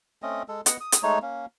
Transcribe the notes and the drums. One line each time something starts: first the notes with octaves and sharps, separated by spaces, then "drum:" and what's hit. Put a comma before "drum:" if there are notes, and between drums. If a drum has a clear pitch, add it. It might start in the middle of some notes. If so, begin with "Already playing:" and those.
A3 C4 C#4 D#5
G#3 A4
B3 D#5 F#5, drum: hi-hat
D#6
drum: hi-hat
G#3 A3 D#4 C#5
A#3 C#4